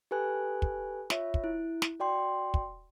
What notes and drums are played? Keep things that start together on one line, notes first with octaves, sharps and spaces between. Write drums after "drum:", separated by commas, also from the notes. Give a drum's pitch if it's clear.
G4 A4 B4 G#5 F#6
drum: kick
F4 C#5 E5, drum: snare
drum: kick
E4
drum: snare
F#4 D5 G5 C6
drum: kick